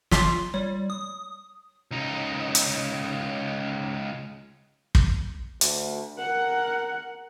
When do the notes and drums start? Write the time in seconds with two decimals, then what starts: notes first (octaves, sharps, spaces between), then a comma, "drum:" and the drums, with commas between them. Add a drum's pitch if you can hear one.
0.11 F4 C6 B6, drum: snare
0.54 G3 C#5
0.90 D#6
1.91 C#2 D#4
2.55 drum: hi-hat
4.95 drum: kick
5.61 D2, drum: hi-hat
6.19 A#4 F#5